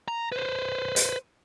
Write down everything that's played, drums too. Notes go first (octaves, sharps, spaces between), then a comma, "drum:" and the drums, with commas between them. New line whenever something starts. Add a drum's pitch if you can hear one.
A#5
B4 C5
drum: hi-hat